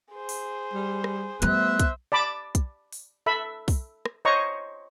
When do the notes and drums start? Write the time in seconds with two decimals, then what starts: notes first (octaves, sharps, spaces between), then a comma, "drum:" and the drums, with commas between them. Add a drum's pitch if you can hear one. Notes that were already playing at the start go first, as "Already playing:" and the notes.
0.13 G#4 C5
0.29 drum: open hi-hat
0.73 G3
1.04 drum: rim click
1.42 G3 A3 B3 C5 E5 F#6, drum: hi-hat
1.80 drum: kick, hi-hat
2.12 D5 A5 B5 D6
2.55 drum: kick, hi-hat
2.93 drum: open hi-hat
3.26 A4 E5 B5
3.68 drum: kick, open hi-hat
4.05 drum: rim click
4.25 C5 C#5 D#5 A#5 C#6